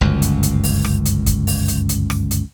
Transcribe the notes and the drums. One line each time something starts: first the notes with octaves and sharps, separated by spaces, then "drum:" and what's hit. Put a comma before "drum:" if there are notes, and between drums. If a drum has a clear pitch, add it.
G1 C#2 F#2
drum: hi-hat
drum: hi-hat
drum: open hi-hat
drum: rim click
drum: hi-hat
drum: kick, hi-hat
drum: open hi-hat
drum: hi-hat
drum: hi-hat
drum: rim click
drum: hi-hat